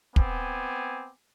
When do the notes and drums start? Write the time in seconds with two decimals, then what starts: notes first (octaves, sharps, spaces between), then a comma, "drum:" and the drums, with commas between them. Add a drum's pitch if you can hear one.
0.16 B3 C4 G#5 D6, drum: kick